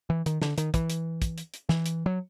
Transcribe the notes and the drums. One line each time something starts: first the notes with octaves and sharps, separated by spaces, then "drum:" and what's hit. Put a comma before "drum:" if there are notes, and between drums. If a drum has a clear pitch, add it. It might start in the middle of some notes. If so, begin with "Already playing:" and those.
E3
D#3, drum: hi-hat
D3, drum: snare
D#3, drum: hi-hat
E3, drum: kick, hi-hat
drum: hi-hat
drum: kick, hi-hat
drum: hi-hat
drum: hi-hat
E3, drum: snare
drum: hi-hat
F#3